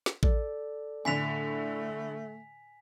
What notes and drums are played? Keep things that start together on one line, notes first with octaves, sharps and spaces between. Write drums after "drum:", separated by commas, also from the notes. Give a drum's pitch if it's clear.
drum: snare
A4 D5, drum: kick A1
A2 D3 A3 G#5 B6 F7